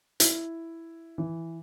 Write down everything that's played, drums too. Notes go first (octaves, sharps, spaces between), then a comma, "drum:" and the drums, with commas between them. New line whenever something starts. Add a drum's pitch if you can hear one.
E4, drum: hi-hat
E3